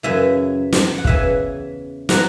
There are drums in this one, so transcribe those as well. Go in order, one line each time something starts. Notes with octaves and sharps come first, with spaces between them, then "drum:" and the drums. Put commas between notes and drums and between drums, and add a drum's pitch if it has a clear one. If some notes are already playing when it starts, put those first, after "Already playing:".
F#2 C#3 E3 E5 G#5
drum: snare
F#5
E2 C#3 E3 E5 G#5, drum: kick
F#3 B3 F#5 A#5, drum: snare